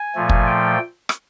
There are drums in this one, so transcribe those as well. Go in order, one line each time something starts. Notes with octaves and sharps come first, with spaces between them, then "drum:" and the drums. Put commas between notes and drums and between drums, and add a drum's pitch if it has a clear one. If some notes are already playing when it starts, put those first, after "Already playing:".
Already playing: G#5
A#2 F3 A3
drum: kick
G5
drum: rim click